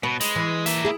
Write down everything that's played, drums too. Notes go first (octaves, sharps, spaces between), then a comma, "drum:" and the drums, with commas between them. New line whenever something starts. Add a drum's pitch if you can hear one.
B2 B4
G#3, drum: hi-hat
E3
A#3 E5, drum: hi-hat
E4 G#4